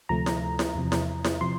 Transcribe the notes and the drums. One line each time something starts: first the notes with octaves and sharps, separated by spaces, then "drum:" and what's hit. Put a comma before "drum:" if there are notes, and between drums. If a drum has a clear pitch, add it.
D2 C3 F3 A3 A#5
drum: snare E4
drum: snare E4
E2 C3 F3
drum: snare E4
drum: snare E4
C3 F3 C6